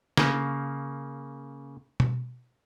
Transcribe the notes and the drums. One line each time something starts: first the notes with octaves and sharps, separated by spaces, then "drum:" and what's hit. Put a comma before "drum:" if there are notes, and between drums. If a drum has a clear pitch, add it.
C#3 A#3, drum: snare
drum: tom B2